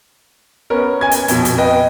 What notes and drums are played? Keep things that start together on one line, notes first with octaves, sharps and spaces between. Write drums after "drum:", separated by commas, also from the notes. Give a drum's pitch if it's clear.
B3 C#4 A#4
G#5 G#6
drum: hi-hat
F2 B2, drum: hi-hat
drum: hi-hat
B4 D#5 G5